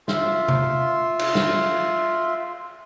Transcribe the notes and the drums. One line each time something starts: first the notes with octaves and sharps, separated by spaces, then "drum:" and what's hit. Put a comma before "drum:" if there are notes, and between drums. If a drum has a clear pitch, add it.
F4 E5 C6, drum: snare
drum: tom C3
drum: cymbal
drum: snare